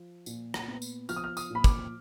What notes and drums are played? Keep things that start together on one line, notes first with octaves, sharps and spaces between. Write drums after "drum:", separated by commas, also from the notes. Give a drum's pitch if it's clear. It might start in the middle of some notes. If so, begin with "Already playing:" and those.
Already playing: F3
A#2, drum: tambourine
drum: rim click
B3
drum: tambourine
F3 F6, drum: tambourine
D#6
F6
D#6, drum: tambourine
A#2 B5
D6, drum: kick, tambourine